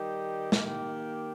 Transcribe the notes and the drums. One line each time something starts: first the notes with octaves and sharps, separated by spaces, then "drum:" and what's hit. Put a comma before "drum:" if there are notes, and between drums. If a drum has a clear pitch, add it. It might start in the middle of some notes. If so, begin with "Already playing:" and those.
Already playing: D#3 G3 D#4 G4
D#3 A#3 G4, drum: snare